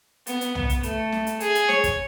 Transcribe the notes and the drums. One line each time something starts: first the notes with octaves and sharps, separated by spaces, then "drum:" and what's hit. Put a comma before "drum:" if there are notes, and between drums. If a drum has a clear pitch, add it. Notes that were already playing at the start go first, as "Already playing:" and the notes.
B3, drum: hi-hat
drum: hi-hat
B3, drum: tom
drum: hi-hat
A3, drum: hi-hat
drum: snare
drum: hi-hat
G#4, drum: hi-hat
drum: hi-hat
C#5, drum: snare
drum: kick, hi-hat